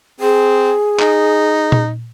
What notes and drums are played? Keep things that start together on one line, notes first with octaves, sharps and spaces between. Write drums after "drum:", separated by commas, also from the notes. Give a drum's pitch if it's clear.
C4 G#4
D#4, drum: clap
drum: tom A#2